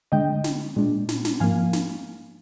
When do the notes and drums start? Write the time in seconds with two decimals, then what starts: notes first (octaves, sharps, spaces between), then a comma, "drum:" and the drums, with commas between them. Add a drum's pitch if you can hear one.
0.12 D3 G#3 D4 D#5 G5
0.44 drum: snare
0.76 A#2 G#3 D4
1.09 drum: snare
1.25 drum: snare
1.40 G#2 F3 A#3 F5 G#5
1.73 drum: snare